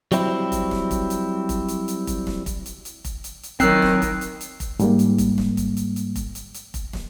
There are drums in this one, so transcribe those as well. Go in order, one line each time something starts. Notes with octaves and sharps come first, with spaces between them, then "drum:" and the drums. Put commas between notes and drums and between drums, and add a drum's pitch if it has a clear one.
F#3 G3 C4 E4, drum: hi-hat
drum: kick F1, hi-hat
drum: snare
drum: kick F1, hi-hat
drum: hi-hat
drum: kick F1, hi-hat
drum: hi-hat
drum: hi-hat
drum: kick F1, hi-hat
drum: snare
drum: kick F1, hi-hat
drum: hi-hat
drum: hi-hat
drum: kick F1, hi-hat
drum: hi-hat
drum: hi-hat
D#3 F#3 C4 E6 F#6 C7, drum: kick F1, hi-hat
drum: snare
drum: kick F1, hi-hat
drum: hi-hat
drum: hi-hat
drum: kick F1, hi-hat
G#2 G3 A#3, drum: hi-hat
drum: hi-hat
drum: kick F1, hi-hat
drum: snare
drum: kick F1, hi-hat
drum: hi-hat
drum: hi-hat
drum: kick F1, hi-hat
drum: hi-hat
drum: hi-hat
drum: kick F1, hi-hat
drum: snare